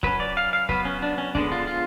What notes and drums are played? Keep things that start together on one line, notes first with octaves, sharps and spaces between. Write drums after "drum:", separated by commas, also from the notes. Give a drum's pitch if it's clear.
F#3 C#4 B4, drum: kick C#1
D5
F5
F5
F#3 B3 B4, drum: kick C#1
C#4
D4
C#4
D3 G#3 B3 D4, drum: kick C#1
F4
F4